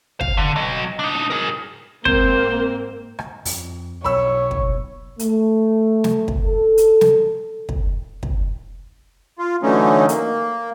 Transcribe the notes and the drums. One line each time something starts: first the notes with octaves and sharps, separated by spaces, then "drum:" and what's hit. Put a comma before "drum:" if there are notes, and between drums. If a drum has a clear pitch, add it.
F5, drum: kick
D3
F#3 D#5
D4 D#4
G#4 A#4
G#2 A#3 C4 C5, drum: kick
drum: rim click
F2, drum: open hi-hat
B1 C#5 B5 C#6 E6
drum: kick
A3, drum: hi-hat
drum: snare
drum: kick
A4
drum: hi-hat
drum: snare
drum: kick
drum: kick
F4
D3 E3 F#3 A3 C#4 D#4
A#3, drum: hi-hat